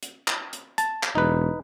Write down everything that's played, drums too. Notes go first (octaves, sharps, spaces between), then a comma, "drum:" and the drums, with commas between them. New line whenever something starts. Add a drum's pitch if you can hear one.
drum: hi-hat
drum: clap
drum: hi-hat
A5, drum: hi-hat
drum: clap
E1 D#4 B4